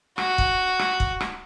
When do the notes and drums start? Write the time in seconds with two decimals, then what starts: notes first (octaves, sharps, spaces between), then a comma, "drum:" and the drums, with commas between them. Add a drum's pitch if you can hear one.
0.18 F#4, drum: rim click
0.38 drum: kick
0.79 drum: rim click
1.00 drum: kick
1.20 drum: rim click